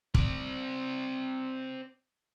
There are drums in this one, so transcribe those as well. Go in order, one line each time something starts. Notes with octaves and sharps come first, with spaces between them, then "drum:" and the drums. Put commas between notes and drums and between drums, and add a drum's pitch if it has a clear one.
C4 D5, drum: kick